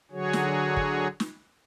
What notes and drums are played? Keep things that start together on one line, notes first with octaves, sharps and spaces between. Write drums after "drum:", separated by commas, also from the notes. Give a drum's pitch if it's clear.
D3 F#3 F#4 G#4 C#5
drum: snare
drum: kick
drum: snare